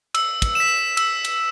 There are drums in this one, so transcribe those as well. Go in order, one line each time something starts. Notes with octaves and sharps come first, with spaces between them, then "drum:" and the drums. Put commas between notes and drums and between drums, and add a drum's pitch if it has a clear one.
E6, drum: cymbal
drum: kick, cymbal
B6 E7
E6, drum: cymbal
drum: cymbal